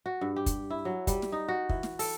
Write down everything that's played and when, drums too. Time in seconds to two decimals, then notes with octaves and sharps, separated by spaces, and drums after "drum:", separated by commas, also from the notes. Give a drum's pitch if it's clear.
0.06 F#4
0.21 G2
0.36 G4
0.46 drum: kick, hi-hat
0.70 E4
0.85 F#3
1.07 G3, drum: kick, hi-hat
1.22 drum: snare
1.32 D#4
1.48 F#4
1.69 E3, drum: kick
1.83 drum: snare
1.99 A4, drum: open hi-hat